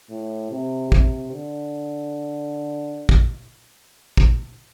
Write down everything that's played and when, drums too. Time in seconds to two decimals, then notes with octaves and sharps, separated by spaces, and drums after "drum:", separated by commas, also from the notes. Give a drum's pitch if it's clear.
0.10 A2
0.51 C3
0.92 C3, drum: kick
1.32 D3
3.09 drum: kick
4.17 drum: kick